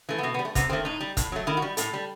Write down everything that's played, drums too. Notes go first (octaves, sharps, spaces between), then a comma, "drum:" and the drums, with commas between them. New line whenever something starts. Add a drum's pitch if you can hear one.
E3 A3
B3
B2 A3
B3
G3
A3
C3 B3, drum: kick, hi-hat
D#3 A3 C4
A2 D#4
G3
A2, drum: kick, hi-hat
F#3 A3
D#3 E4
F#4
G3
A2 A4, drum: hi-hat
G3